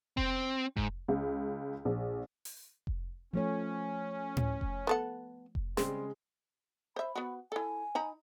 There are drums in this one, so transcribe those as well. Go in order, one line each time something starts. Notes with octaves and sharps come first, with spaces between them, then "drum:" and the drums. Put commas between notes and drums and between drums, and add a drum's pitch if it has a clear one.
C4, drum: kick F1
G#2, drum: kick F1
C#2
A#1
drum: open hi-hat
drum: kick F1
F3 A3 C#4 C#5
drum: tom A2
drum: kick F1
B3 A4 F#5
drum: kick F1
C#3 G3 G#3 C4, drum: snare
C5 E5 B5
B3 F#4
E4 A4 G#5
D#4 A#5 B5